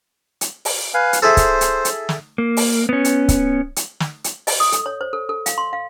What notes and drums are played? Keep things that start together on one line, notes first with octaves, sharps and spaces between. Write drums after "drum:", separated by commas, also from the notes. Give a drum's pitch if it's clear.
drum: hi-hat
drum: open hi-hat
B4 F5 G#5
drum: hi-hat
E4 G#4 A4 C5
drum: kick C#1, hi-hat
drum: hi-hat
drum: hi-hat
drum: snare
A#3
drum: open hi-hat
B3 C#4
drum: hi-hat
drum: kick C#1, hi-hat
drum: hi-hat
drum: snare
drum: hi-hat
D#5, drum: open hi-hat
D#6
A4, drum: hi-hat
C#5
C5
A4
A4
F5, drum: hi-hat
C6
F5